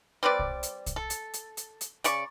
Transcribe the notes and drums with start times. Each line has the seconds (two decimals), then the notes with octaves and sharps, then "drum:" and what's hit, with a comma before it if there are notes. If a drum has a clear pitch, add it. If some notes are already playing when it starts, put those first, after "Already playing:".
0.23 G3 C4 B4 D5
0.39 drum: kick
0.63 drum: hi-hat
0.86 drum: kick, hi-hat
0.96 A4
1.10 drum: hi-hat
1.34 drum: hi-hat
1.57 drum: hi-hat
1.81 drum: hi-hat
2.04 C#3 D5 C#6, drum: hi-hat